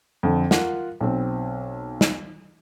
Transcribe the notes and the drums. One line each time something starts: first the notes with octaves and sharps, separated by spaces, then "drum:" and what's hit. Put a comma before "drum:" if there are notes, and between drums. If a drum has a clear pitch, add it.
F2 D3
F4 A#4 F#5, drum: snare
B1 C4
drum: snare